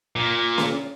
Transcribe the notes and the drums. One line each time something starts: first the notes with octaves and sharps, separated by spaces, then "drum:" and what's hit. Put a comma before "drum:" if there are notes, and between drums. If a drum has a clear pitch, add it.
A#2
drum: snare C#4